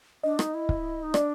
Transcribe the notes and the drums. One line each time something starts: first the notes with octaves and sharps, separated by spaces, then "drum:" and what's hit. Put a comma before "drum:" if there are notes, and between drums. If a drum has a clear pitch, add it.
D4 D#5
D#4, drum: rim click
E4
drum: kick
D#4
D4 D5, drum: rim click